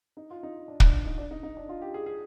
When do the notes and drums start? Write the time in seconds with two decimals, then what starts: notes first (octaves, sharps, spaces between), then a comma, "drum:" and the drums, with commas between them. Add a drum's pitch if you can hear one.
0.17 D#4
0.30 F4
0.43 D#4
0.68 D4
0.80 D4, drum: kick
1.05 D#4
1.18 D4
1.31 D#4
1.43 D#4
1.57 D4
1.69 F4
1.82 G4
1.94 G#4
2.06 G#4